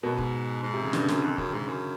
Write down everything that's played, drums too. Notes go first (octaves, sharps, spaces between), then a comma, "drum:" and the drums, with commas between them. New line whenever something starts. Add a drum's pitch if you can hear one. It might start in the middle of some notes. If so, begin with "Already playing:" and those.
F#2 B2
G#2, drum: kick
G#2
C3
C#3
G2 D3, drum: snare
F#2, drum: snare
F2 D#3
F#2 C#3, drum: kick
G#2 C#3
F#2